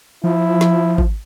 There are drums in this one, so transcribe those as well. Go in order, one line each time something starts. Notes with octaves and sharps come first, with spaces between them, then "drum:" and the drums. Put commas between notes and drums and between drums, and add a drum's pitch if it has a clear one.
F3 E4
drum: snare
drum: kick G#1